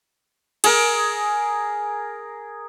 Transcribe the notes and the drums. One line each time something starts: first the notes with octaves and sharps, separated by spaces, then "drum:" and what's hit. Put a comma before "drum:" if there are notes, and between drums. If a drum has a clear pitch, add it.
G#4 A#4, drum: cymbal